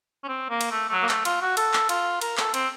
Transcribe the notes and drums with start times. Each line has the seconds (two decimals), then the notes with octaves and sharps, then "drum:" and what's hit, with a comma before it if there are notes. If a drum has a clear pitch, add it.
0.24 C#4
0.28 C4
0.50 A#3
0.61 drum: cymbal
0.71 A3
0.89 A3
0.93 F#3
1.03 A#3
1.09 A3, drum: clap
1.25 F4, drum: cymbal
1.42 F#4
1.57 A4, drum: cymbal
1.74 drum: clap
1.89 F4, drum: cymbal
2.21 A#4, drum: cymbal
2.37 A4, drum: clap
2.54 C4, drum: cymbal